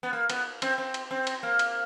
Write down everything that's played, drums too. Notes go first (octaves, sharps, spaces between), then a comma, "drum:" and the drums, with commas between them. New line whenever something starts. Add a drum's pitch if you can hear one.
B3
A#3
B3, drum: cymbal
C4, drum: cymbal
C4
drum: cymbal
C4
drum: cymbal
A#3
drum: cymbal